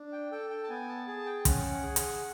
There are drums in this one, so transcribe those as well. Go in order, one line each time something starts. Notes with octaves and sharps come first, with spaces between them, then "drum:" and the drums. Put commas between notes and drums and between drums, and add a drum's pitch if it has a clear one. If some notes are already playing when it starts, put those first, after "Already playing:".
Already playing: D4
G5
A4 G5
G5
A5
B3 G#5
A5
G#4 A5
G5
C#4 F#5, drum: kick, hi-hat
G#4
drum: hi-hat